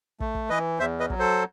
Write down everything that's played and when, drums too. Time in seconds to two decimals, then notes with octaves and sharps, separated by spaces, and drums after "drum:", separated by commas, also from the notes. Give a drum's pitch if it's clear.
0.20 A3, drum: kick
0.35 drum: kick
0.49 E3 B4 D#5
0.79 E2 C5 E5
1.00 B4 D#5
1.10 F#3, drum: kick
1.19 A4 C5